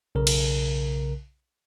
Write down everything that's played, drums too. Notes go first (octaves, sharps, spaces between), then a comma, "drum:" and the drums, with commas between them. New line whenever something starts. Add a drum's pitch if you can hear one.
B1 C#3 A#4
drum: cymbal